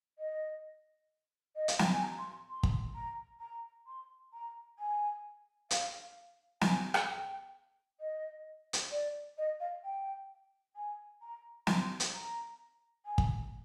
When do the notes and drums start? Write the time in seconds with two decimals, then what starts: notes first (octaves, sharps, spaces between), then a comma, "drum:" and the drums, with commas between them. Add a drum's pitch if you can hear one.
0.18 D#5
1.55 D#5
1.68 F5, drum: hi-hat
1.79 G5, drum: snare
1.90 G#5
2.03 A#5
2.18 C6
2.49 C6
2.63 drum: kick
2.95 A#5
3.40 A#5
3.87 C6
4.33 A#5
4.79 G#5
5.71 F5, drum: hi-hat
6.61 G#5, drum: snare
6.94 drum: rim click
7.08 G5
8.00 D#5
8.73 drum: hi-hat
8.91 D5
9.37 D#5
9.60 F5
9.84 G5
10.75 G#5
11.21 A#5
11.67 C6, drum: snare
12.00 drum: hi-hat
12.13 A#5
13.05 G#5
13.18 drum: kick